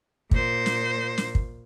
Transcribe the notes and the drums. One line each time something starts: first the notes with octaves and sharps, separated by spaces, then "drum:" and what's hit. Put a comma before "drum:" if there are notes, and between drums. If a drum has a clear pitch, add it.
A#2 C5, drum: kick
drum: snare
drum: snare
drum: kick